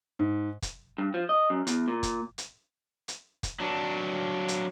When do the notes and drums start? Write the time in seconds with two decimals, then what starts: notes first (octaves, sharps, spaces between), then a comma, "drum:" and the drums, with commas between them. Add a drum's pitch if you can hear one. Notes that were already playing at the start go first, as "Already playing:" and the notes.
0.19 G#2
0.62 drum: kick, hi-hat
0.98 G2
1.14 F3
1.29 D#5
1.50 F#2
1.67 E2, drum: hi-hat
1.88 A#2
2.03 drum: kick, hi-hat
2.38 drum: hi-hat
3.08 drum: hi-hat
3.43 drum: kick, hi-hat
3.60 F#3 D4
4.48 drum: hi-hat